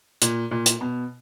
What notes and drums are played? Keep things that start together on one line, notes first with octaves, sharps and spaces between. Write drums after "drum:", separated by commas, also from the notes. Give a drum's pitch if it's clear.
A#2, drum: hi-hat
A#2
drum: hi-hat
B2